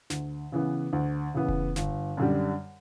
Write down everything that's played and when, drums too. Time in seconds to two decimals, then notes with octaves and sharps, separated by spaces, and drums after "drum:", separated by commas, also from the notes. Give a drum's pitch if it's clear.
0.10 D2, drum: snare
0.52 C#3 E3 B3
0.93 D2
1.34 C#3 E3 B3
1.48 drum: kick E1
1.76 G1, drum: snare
2.17 F#2 D3 G3